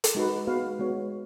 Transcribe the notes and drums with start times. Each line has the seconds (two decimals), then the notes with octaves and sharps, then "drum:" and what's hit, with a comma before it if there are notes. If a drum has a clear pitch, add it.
0.04 drum: hi-hat
0.15 G#3 D#4 F#4 B4
0.47 G#3 B3 F#4 B4 F5
0.79 G#3 B3 F#4 C#5